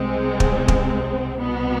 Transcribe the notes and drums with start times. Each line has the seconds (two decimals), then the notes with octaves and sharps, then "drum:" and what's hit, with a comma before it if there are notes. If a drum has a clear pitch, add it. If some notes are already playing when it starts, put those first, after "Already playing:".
Already playing: C2 C3 G#3 C4
0.40 drum: kick
0.68 drum: kick
1.39 C2 B2 B3